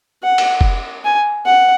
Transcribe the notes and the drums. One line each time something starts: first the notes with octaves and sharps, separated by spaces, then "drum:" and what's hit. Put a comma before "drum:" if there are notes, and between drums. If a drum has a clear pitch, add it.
F#5
drum: cymbal
drum: kick F1
G#5
F#5